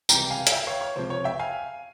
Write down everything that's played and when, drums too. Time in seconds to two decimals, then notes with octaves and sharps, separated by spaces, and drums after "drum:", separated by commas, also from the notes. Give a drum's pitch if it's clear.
0.09 C#2 C3 E3 G3 G5 A#5, drum: tambourine
0.31 F5 G#5
0.47 F5, drum: hi-hat
0.52 E5 G5
0.67 C#5 F5
0.81 C#5
0.96 C#2 C3 F3 C5
1.10 C#5
1.24 E5 G5
1.39 F5 G#5